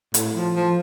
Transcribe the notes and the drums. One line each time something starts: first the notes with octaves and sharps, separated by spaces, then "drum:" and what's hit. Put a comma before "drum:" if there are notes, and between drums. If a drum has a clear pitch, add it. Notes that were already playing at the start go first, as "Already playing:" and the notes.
A2, drum: hi-hat
F3
F3